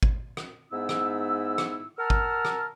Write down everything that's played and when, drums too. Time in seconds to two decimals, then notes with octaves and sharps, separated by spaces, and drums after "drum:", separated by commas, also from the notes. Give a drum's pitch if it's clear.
0.03 drum: kick
0.37 drum: rim click
0.72 G#2 B3 D#4 E4 E6
0.89 drum: rim click
1.58 drum: rim click
1.98 A#4 F#5 A5 A#5 E6 F6
2.10 drum: kick
2.45 drum: rim click